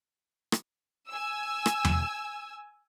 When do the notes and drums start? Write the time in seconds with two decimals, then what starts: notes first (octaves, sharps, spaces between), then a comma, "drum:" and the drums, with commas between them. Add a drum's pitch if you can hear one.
0.52 drum: rim click
1.09 G#5 E6
1.66 drum: rim click
1.85 drum: tom E2